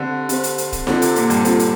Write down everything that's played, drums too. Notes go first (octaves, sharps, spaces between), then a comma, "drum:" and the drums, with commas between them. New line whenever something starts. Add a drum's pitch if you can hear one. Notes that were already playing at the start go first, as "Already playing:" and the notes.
Already playing: D3 C4 G4 C5
C4 G4 C5, drum: hi-hat
drum: hi-hat
drum: hi-hat
drum: kick, hi-hat
D3 C4 F4 A4 C5, drum: snare D#4
C3, drum: hi-hat
A#2, drum: hi-hat
G2, drum: hi-hat
C4 F4 A4 C5, drum: hi-hat
drum: hi-hat